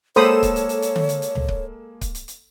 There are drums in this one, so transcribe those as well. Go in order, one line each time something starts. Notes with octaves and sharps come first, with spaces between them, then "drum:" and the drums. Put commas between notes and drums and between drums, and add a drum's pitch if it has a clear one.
G#3 A#3 A4 C5 C#5 B5 D#6 E7
drum: kick C#1, hi-hat
drum: hi-hat
drum: hi-hat
drum: hi-hat
drum: tom D3
drum: hi-hat
drum: hi-hat
drum: tom C#2
drum: kick C#1
drum: kick C#1, hi-hat
drum: hi-hat
drum: hi-hat